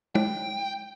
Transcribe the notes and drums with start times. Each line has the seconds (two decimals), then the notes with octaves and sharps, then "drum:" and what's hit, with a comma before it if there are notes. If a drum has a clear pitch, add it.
0.15 G5, drum: tom